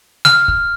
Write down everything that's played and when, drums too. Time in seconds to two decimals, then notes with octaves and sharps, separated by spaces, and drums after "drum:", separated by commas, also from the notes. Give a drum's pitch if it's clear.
0.25 F6, drum: snare
0.48 drum: kick